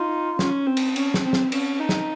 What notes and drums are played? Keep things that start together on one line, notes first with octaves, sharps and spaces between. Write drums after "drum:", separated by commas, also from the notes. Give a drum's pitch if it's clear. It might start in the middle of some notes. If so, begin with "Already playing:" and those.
Already playing: D#4 F4
C#4, drum: snare
C4
drum: cymbal
C#4, drum: cymbal
drum: snare
C4
drum: snare
C#4, drum: cymbal
D#4
drum: snare